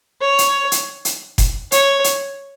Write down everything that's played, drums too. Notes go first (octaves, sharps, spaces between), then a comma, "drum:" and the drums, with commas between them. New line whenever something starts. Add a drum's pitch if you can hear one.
C#5
drum: hi-hat
drum: hi-hat
drum: hi-hat
drum: kick F1, hi-hat
C#5, drum: hi-hat
drum: hi-hat